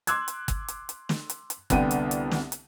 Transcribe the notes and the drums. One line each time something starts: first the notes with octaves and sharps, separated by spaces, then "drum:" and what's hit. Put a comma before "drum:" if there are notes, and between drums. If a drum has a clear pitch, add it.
C6 D6 E6 F#6 G#6, drum: hi-hat
drum: hi-hat
drum: kick G1, hi-hat
drum: hi-hat
drum: hi-hat
drum: snare
drum: hi-hat
drum: hi-hat
C2 D3 B3 G5 D#7, drum: kick G1, hi-hat
drum: hi-hat
drum: hi-hat
drum: snare
drum: hi-hat